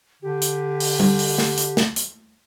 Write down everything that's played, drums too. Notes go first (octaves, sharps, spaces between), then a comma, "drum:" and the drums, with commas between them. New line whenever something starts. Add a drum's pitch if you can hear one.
D3 G4
drum: hi-hat
drum: open hi-hat
drum: tom G3
drum: open hi-hat
drum: snare
drum: hi-hat
drum: snare
drum: hi-hat